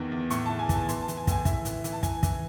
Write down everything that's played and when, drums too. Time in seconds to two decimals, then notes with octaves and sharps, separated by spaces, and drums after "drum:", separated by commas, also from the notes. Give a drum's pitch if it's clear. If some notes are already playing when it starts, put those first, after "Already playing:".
Already playing: E2 D#3 E3
0.12 E2
0.30 A2 C#6, drum: hi-hat
0.46 E3 A5
0.59 G#5
0.69 E3 A5, drum: kick, hi-hat
0.89 E3 C6, drum: hi-hat
1.02 A5
1.08 E3, drum: hi-hat
1.17 G#5
1.27 A2 G#5, drum: kick, hi-hat
1.45 E3 E5, drum: kick, hi-hat
1.65 E3, drum: hi-hat
1.84 E3, drum: hi-hat
1.92 A5
2.03 E3 G#5, drum: kick, hi-hat
2.23 E3, drum: kick, hi-hat